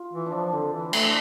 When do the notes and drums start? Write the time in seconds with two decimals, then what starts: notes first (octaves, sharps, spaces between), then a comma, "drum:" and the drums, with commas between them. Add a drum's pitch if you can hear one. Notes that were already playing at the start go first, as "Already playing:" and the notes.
Already playing: F4
0.13 E3
0.26 D4
0.33 F3
0.53 D3 C4
0.73 E3
0.79 E4
0.93 A3, drum: cymbal
1.06 D4